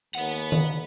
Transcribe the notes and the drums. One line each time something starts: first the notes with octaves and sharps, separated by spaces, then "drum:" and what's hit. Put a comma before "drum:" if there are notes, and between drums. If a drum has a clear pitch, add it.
D#2 B4 F#5
drum: tom D#3